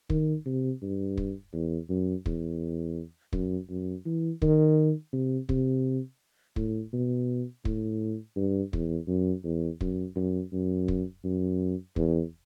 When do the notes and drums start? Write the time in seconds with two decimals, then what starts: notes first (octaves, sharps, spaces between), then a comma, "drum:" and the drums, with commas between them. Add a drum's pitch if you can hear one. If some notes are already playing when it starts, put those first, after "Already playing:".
0.10 D#3, drum: kick
0.46 C3
0.82 G2
1.18 drum: kick
1.53 E2
1.90 F#2
2.26 E2, drum: kick
3.33 F#2, drum: kick
3.69 F#2
4.06 E3
4.42 D#3, drum: kick
5.13 C3
5.49 C3, drum: kick
6.56 A2, drum: kick
6.93 B2
7.65 A2, drum: kick
8.36 G2
8.73 E2, drum: kick
9.08 F#2
9.44 E2
9.81 F#2, drum: kick
10.16 F#2
10.52 F#2
10.88 drum: kick
11.24 F#2
11.96 E2, drum: kick